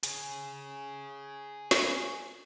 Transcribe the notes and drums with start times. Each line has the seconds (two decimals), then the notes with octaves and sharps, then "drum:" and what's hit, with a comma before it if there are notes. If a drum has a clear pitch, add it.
0.03 G#4 C#5, drum: hi-hat
1.71 drum: snare